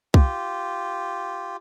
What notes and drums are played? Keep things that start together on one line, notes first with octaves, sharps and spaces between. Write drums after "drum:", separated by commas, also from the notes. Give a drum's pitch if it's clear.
F4 G4, drum: kick C2